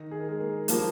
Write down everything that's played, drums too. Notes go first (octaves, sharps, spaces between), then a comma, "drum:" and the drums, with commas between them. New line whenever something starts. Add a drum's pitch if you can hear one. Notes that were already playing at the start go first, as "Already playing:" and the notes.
Already playing: D#3 D#4
G#4
A#4
G#3 G#4
A#3 A#4
F3 G3 A#3 G4, drum: hi-hat